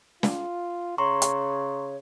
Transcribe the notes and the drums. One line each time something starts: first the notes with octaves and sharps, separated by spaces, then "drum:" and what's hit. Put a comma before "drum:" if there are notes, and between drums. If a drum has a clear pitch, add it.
F4, drum: snare
C#3 C#5 A#5 C6 C#6
drum: hi-hat